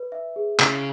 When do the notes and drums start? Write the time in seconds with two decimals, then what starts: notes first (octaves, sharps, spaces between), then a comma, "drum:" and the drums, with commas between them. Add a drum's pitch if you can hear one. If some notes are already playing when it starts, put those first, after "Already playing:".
Already playing: B4
0.12 E5
0.36 G#4
0.59 C#3 E4, drum: clap